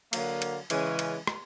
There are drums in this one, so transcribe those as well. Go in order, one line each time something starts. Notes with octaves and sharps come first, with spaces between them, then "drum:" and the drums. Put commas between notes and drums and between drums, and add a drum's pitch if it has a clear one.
D3 F#3 A#3, drum: cymbal
drum: cymbal
C#3 E3 G#3 C#4, drum: cymbal
drum: cymbal
drum: rim click